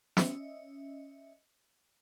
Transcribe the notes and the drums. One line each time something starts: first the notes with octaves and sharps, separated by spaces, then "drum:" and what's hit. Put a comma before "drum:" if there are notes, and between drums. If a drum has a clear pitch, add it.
C#4 D#5 E5, drum: snare